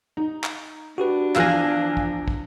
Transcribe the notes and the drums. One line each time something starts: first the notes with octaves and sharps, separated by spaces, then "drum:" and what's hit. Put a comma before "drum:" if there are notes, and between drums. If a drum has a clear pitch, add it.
D#4
drum: clap
D4 F#4 G4 B4
E2 F3 F5 G#5 E6 F#6 A#6, drum: clap
drum: kick
drum: kick